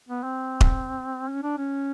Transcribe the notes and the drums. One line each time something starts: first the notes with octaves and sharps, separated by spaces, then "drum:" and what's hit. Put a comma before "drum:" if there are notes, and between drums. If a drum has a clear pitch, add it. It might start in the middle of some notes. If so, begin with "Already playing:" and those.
B3
C4
drum: kick D#1
C#4
D4
C#4